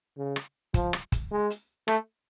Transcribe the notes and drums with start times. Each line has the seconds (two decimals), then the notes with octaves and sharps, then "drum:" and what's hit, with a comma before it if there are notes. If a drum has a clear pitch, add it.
0.18 C#3
0.36 drum: rim click
0.74 F3, drum: kick, hi-hat
0.93 drum: rim click
1.12 drum: kick, hi-hat
1.31 G#3
1.50 drum: hi-hat
1.88 A3, drum: rim click